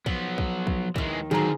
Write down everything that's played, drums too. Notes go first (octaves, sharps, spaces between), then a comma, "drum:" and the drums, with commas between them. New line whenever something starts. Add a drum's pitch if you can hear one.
F3 F#3 B3, drum: kick
drum: kick
drum: kick
D#2 D#3 E3 G#3, drum: kick
D3 D#3 F3 F#3 F#4 G#4 A#5